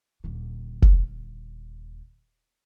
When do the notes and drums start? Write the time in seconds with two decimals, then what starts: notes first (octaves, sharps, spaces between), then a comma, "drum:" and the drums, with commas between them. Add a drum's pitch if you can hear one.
0.24 D#1 D3
0.82 drum: kick